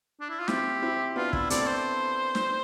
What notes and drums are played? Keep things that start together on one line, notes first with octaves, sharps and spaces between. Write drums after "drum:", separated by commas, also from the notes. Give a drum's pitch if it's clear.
D4
E4
F4
C4 E4 G4, drum: snare
C4 E4
B3 D4 F4
E4, drum: kick
A3 C4 D5, drum: hi-hat
C5
drum: snare